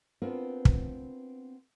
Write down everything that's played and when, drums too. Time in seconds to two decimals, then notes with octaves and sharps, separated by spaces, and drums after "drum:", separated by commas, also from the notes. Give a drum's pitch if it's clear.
0.22 B3 C4 D4 F4 A#4 B4
0.65 drum: kick